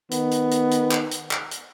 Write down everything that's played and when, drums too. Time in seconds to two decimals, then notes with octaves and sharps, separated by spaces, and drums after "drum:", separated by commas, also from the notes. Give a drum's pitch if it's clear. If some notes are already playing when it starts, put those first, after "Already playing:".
0.11 D#3 B3, drum: hi-hat
0.31 drum: hi-hat
0.51 drum: hi-hat
0.71 drum: hi-hat
0.91 drum: clap
1.11 drum: hi-hat
1.31 drum: clap
1.51 drum: hi-hat